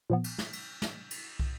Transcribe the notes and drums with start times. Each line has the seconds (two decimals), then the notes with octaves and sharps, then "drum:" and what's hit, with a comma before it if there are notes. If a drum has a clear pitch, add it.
0.10 A#2 F3 B3
0.24 drum: cymbal
0.38 drum: snare
0.53 drum: cymbal
0.82 drum: snare
1.11 drum: cymbal
1.40 drum: kick